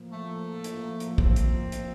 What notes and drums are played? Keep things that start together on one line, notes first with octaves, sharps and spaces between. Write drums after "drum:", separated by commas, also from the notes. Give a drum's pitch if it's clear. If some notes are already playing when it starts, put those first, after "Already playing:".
Already playing: A2 F3 A#3
A3
drum: hi-hat
drum: hi-hat
C4, drum: kick
drum: hi-hat
drum: hi-hat